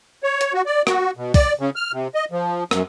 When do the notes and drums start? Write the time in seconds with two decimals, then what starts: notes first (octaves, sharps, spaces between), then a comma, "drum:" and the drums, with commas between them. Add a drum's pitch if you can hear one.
0.23 C#5
0.41 drum: hi-hat
0.53 F#4
0.66 D5
0.87 F#4, drum: rim click
1.17 B2
1.34 D5, drum: kick, open hi-hat
1.59 C#3
1.76 F6
1.92 C3
2.15 D#5
2.31 F3
2.71 F#2, drum: rim click